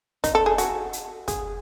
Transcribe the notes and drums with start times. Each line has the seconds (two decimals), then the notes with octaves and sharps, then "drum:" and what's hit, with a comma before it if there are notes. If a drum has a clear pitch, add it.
0.24 D#4, drum: kick, hi-hat
0.35 A4
0.46 G#4
0.58 F#4, drum: hi-hat
0.93 drum: hi-hat
1.28 G#4, drum: kick, hi-hat